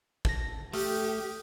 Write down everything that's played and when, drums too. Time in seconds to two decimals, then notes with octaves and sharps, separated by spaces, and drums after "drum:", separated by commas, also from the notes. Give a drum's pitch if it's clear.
0.25 A5 A#6, drum: kick
0.73 A3 G4 A4 D#6 F6, drum: open hi-hat